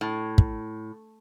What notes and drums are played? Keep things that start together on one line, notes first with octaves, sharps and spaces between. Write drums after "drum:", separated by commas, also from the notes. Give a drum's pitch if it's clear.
A2
drum: kick